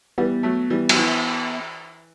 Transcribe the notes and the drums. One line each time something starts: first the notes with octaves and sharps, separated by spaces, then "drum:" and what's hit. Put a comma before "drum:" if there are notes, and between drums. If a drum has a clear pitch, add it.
E3 G3 B3
F#3 A3
E3 G3
F#3, drum: cymbal
E3